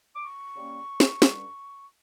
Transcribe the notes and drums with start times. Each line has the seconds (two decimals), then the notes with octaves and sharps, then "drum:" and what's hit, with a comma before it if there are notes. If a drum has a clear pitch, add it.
0.16 D6
0.22 C#6
0.56 C#3 G3 A#3 C#4
1.00 drum: snare
1.22 G2 D3 G3 C#4, drum: snare